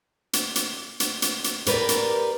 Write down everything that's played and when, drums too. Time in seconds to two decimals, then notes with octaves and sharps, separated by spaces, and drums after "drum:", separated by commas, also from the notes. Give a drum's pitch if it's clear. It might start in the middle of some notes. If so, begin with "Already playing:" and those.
0.33 drum: hi-hat
0.56 drum: hi-hat
1.00 drum: hi-hat
1.22 drum: hi-hat
1.44 drum: hi-hat
1.66 G4 A#4 B4 D5, drum: hi-hat
1.89 drum: hi-hat